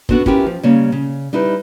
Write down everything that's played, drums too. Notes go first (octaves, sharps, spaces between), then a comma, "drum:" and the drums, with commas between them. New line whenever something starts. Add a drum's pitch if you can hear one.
B3 D4 F#4 A4 C5, drum: kick
C#4 E4 F4 G4 A#4 B4, drum: kick
F3
C#3 G3 A#3 C#5
C#3
G3 D#4 E4 B4